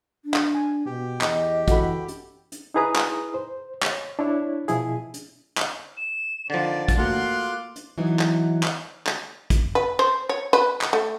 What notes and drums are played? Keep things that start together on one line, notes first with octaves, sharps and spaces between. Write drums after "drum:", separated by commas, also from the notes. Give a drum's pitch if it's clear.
D4
drum: clap
G#5
B2 G4
E2 D#5, drum: clap
E3 F#4 A4 B5, drum: kick, hi-hat
drum: hi-hat
drum: hi-hat
D#4 E4 G#4 B4 A#5 D#6
drum: clap
C5
C#5, drum: clap
D4 E4 C#5
B2 F3 E4 G#4, drum: hi-hat
drum: hi-hat
drum: clap
E7
D3 D#3 F3 C4 D5 A6
drum: kick, hi-hat
A3 A#3 F4 F#4 C6 D6 F#6
drum: hi-hat
E3 F#3 B3 D#4
drum: clap
drum: clap
drum: clap
drum: kick, hi-hat
B4
C5
C#5
B4
drum: clap
A3